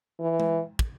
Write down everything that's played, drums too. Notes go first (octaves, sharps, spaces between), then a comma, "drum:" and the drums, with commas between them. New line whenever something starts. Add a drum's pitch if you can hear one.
E3
drum: tom G#3
drum: kick